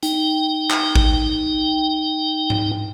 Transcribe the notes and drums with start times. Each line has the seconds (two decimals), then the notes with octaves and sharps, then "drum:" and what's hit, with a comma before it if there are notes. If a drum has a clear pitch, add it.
0.03 D#4 G5, drum: hi-hat
0.70 drum: clap
0.96 drum: kick
2.50 drum: tom G#2